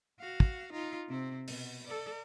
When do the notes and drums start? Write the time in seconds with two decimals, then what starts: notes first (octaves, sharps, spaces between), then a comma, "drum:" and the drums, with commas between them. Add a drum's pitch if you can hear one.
0.20 F#4 F5
0.40 drum: kick
0.73 D#4 F4
1.09 C3 C4
1.48 B2, drum: open hi-hat
1.87 A4 D5